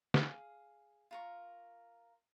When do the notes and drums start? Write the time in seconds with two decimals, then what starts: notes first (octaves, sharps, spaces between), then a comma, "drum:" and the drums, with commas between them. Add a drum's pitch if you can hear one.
0.14 G#4 F5, drum: snare
1.11 F4 A#4 C#6